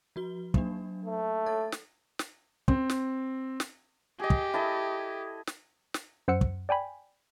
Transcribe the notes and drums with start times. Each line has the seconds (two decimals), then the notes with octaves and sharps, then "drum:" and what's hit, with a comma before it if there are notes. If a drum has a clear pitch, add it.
0.16 F3 F#4 G7
0.54 F#3 A#3 D4, drum: kick
1.06 A3
1.46 A4 C#5 A6
1.72 drum: snare
2.19 drum: snare
2.68 C4, drum: kick
2.90 drum: snare
3.60 drum: snare
4.19 G4 G#4 D#5
4.30 drum: kick
4.54 E4 A4 D#5
5.47 drum: snare
5.94 drum: snare
6.28 F#2 C5 F#5 E6 C#7
6.41 drum: kick
6.69 D5 G5 G#5 B5